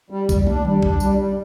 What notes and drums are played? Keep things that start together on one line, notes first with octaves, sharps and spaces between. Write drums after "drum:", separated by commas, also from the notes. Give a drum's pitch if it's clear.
G3
G3, drum: kick B1, tambourine
D4, drum: tom
G3, drum: tom D#3
D4, drum: kick B1
G3, drum: tambourine
G3